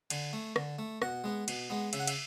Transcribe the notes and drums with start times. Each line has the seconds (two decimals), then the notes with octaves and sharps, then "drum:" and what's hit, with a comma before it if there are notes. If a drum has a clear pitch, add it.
0.10 D3 G#5, drum: cymbal
0.33 A3
0.56 D3, drum: rim click
0.79 A3
1.02 B2 F#5, drum: rim click
1.24 G#3 B3
1.48 B2, drum: cymbal
1.70 G#3 B3
1.93 C#3 E5, drum: cymbal
2.00 F#5
2.07 E5, drum: cymbal